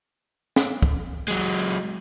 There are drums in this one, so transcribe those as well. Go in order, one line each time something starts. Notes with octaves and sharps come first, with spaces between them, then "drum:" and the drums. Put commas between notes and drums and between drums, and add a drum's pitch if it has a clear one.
drum: snare
drum: kick
F#3 G#3
drum: hi-hat